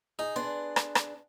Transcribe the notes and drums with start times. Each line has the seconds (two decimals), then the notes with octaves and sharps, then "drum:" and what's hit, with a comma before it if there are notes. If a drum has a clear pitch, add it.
0.19 D#4 G#4
0.36 B3 D4 G#4 C6
0.76 drum: rim click
0.95 drum: rim click